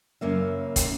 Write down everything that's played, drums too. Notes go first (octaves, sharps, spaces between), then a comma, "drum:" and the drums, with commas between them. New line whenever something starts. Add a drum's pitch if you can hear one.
F#2 C#3 A#3 E5
drum: kick, hi-hat